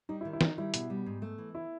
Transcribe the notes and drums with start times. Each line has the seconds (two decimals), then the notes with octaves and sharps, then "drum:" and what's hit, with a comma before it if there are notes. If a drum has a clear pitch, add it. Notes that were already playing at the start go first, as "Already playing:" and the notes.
0.09 G3 D#4
0.21 E4
0.25 D#3
0.33 E4
0.41 D#3 D#4, drum: snare
0.58 G3 E4
0.74 B2, drum: hi-hat
0.90 G3
1.06 G#2
1.22 A3
1.38 E3
1.55 E4